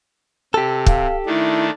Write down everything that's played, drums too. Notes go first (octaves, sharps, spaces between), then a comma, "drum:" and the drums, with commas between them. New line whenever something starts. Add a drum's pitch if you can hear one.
C3 G4 A4
F5, drum: kick
D#3 A3 D4 E4